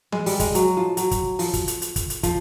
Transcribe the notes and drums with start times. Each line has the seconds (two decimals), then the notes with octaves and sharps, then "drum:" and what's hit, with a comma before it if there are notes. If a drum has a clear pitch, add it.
0.12 G#3, drum: tom E3
0.26 G3, drum: open hi-hat
0.40 G#3, drum: kick, hi-hat
0.55 F#3, drum: hi-hat
0.77 F3
0.97 F#3, drum: hi-hat
1.11 drum: kick, hi-hat
1.39 F3, drum: open hi-hat
1.54 drum: kick, hi-hat
1.68 drum: hi-hat
1.82 drum: hi-hat
1.96 drum: kick, hi-hat
2.10 drum: hi-hat
2.23 F3, drum: kick, hi-hat